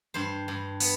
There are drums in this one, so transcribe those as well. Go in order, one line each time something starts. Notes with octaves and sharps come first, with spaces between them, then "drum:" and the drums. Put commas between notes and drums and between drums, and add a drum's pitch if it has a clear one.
G2 C5
G2
B3, drum: open hi-hat